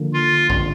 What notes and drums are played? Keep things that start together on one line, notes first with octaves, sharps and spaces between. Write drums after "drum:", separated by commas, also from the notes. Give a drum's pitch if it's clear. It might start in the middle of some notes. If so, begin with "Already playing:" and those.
Already playing: D3 F3 A#3
F4
drum: kick